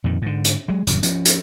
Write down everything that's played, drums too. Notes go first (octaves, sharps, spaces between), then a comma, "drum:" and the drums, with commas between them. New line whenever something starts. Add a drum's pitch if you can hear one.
F2 A#2 D#3
G#2 D3
drum: hi-hat
F#3 G#3
D#1 F#2 C#3, drum: hi-hat
F3 C#4, drum: hi-hat
drum: hi-hat